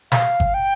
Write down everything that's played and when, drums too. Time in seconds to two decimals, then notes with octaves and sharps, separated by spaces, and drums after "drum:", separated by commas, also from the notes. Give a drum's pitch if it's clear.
0.12 F5, drum: snare
0.40 drum: kick G1
0.54 G5